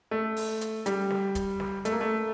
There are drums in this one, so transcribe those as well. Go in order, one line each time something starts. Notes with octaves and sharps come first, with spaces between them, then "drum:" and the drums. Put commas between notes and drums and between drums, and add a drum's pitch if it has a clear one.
A3
drum: open hi-hat
drum: hi-hat
G3, drum: hi-hat
drum: snare
drum: kick, hi-hat
drum: snare
A3, drum: hi-hat
A#3
A3